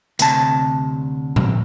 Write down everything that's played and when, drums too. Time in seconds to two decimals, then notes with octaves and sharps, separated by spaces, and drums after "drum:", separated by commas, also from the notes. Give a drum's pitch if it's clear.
0.19 D2 C3 A5, drum: hi-hat
1.36 drum: tom A2